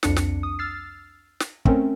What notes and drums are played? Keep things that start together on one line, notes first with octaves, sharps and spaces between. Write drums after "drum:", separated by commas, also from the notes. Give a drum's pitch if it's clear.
C2 F2 D4 C#7, drum: snare
drum: snare
D#6
E6 F6 A6 C7
drum: snare
A3 C4 C#4 A#4, drum: kick